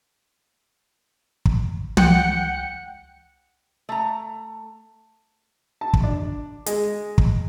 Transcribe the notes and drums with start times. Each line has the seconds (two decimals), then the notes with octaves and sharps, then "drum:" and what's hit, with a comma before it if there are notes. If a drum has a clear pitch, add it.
1.46 drum: kick
1.97 C#2 F#5 G5 C#7, drum: tom
3.89 A3 A#5
5.81 A5
5.94 drum: kick
6.04 D4
6.66 G#3, drum: hi-hat
7.18 drum: kick